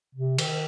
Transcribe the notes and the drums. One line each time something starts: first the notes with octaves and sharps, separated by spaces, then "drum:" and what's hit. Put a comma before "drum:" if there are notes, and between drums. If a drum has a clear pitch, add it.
C3
D#3, drum: cymbal